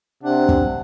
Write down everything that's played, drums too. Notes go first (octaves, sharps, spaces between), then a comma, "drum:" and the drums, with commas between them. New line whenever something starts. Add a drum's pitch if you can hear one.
C3 D4 F#5
drum: kick